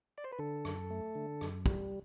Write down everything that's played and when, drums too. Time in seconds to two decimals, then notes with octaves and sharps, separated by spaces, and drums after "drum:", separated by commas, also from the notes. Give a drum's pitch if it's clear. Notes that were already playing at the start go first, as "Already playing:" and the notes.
0.18 D5
0.24 C5
0.32 B4
0.39 D3 A4
0.65 F#2, drum: rim click
0.90 A3
1.15 D3
1.41 F#2, drum: rim click
1.66 G3, drum: kick